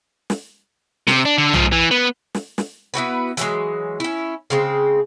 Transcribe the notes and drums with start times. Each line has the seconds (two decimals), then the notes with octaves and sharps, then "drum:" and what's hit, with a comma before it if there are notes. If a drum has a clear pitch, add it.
0.30 drum: snare
1.07 C3, drum: snare
1.25 D4
1.38 D3
1.54 G#2 F3, drum: tom
1.72 E3
1.91 B3
2.35 drum: snare
2.58 drum: snare
2.94 B3 E4 F#4 B4
3.37 E3 F#3 G#3, drum: hi-hat
4.00 C#4 E4
4.50 C#3 G#3 C4